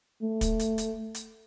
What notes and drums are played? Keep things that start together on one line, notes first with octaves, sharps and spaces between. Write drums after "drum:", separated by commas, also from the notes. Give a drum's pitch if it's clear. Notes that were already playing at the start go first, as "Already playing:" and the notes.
A3
drum: kick, hi-hat
drum: hi-hat
drum: hi-hat
drum: hi-hat